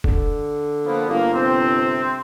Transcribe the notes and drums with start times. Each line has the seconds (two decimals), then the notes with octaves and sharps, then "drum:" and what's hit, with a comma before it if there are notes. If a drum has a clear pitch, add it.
0.04 D3, drum: kick
0.85 F3 A#3 B3
1.09 G1 A#3
1.33 C3 C4